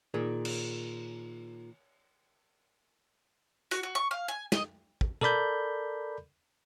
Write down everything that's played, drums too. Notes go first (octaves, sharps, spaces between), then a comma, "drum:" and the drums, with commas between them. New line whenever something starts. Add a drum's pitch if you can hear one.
A#2 D#3 G#4
drum: cymbal
F#4, drum: hi-hat
F#4
C#6
F5
G#5
D#5, drum: snare
drum: kick
A4 A#4 D5 B5 G6, drum: tom